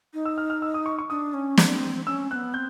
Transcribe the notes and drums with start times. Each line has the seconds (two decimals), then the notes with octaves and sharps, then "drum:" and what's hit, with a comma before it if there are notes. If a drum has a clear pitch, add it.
0.14 D#4
0.25 E6
0.38 F6
0.50 F6
0.62 E6
0.74 D#6
0.86 C#6
0.99 C#6
1.10 D4 D#6
1.34 C#4
1.58 C4, drum: snare
2.06 C#4 E6
2.30 C4 F#6
2.35 B3
2.54 C4 G6